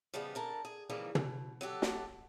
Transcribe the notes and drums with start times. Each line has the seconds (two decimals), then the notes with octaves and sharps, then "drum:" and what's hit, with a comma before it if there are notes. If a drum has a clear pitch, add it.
0.14 C#3 F3 G3 G#3 B3
0.35 D3 A#4 A5
0.65 G#4
0.89 G#2 C#3 E3 F3 G3 A#3
1.15 B2, drum: tom
1.61 F#3 F#4 G4 A4
1.82 drum: snare